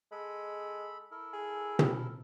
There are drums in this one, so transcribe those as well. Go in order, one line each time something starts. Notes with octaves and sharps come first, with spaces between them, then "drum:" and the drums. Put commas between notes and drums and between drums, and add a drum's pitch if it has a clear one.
G#3 A4 B5
E4 A4 A#4
G#4
drum: tom